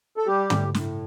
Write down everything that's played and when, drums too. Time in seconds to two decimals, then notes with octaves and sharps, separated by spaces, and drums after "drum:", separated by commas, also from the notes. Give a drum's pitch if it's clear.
0.17 A4
0.26 G3 G4
0.50 A2, drum: tom
0.74 A2, drum: snare